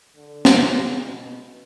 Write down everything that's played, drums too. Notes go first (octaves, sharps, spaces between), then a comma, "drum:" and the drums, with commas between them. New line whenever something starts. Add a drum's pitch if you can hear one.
D3
drum: snare
C#3
B2